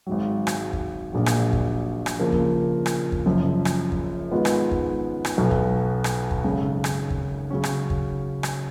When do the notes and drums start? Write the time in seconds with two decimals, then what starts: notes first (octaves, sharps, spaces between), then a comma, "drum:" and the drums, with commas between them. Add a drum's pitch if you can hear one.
0.07 G#1 G#2 F#3
0.47 drum: rim click
0.73 drum: kick
1.13 A#1 A#2 F#3
1.26 drum: rim click
1.53 drum: kick
2.06 drum: rim click
2.19 C#3 F3 A#3
2.33 drum: kick
2.86 drum: rim click
3.12 drum: kick
3.26 F#1 F#2 F3
3.65 drum: rim click
3.92 drum: kick
4.31 G#2 D#3 G#3 B3 F4
4.45 drum: rim click
4.71 drum: kick
5.25 drum: rim click
5.37 B1 B2 F#3 B3
5.51 drum: kick
6.04 drum: rim click
6.31 drum: kick
6.44 G#1 F#2 C#3
6.84 drum: rim click
7.10 drum: kick
7.50 C#3 F#3 C#4
7.64 drum: rim click
7.90 drum: kick
8.43 drum: rim click